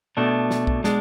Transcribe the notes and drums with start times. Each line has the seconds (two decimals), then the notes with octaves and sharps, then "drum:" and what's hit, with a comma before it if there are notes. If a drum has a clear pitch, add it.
0.17 B2 A3 D4
0.51 drum: snare
0.67 drum: kick B1
0.84 B2 G#3 D4, drum: snare